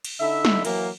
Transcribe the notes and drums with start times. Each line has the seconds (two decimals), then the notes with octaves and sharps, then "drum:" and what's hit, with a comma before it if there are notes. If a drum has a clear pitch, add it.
0.05 drum: cymbal
0.20 D3 D#4 E4 E5
0.45 drum: snare
0.65 E3 F#3 A#3, drum: cymbal